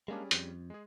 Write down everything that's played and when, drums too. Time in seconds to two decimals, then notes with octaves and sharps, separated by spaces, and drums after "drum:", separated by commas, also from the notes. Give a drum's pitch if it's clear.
0.08 G3 G#3 A#3 C#4 D4 G#4
0.31 F2, drum: hi-hat
0.70 G#3 G#4